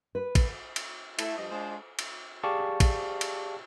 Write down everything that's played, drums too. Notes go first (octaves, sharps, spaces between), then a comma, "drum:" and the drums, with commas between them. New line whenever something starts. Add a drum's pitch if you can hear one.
B4
drum: kick, cymbal
drum: cymbal
A3 E4, drum: cymbal
G2 F3 D#5
G#3 D4 F4 C5 D#5
drum: cymbal
G4 G#4 D5 F5 A5 C#6
drum: kick, cymbal
drum: cymbal